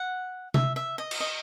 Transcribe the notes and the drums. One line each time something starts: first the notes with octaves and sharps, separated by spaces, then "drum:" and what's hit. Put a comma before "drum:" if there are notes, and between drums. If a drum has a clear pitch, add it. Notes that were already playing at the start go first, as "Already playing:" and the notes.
Already playing: F#5
E5, drum: tom C3
E5
D#5
drum: cymbal
D#5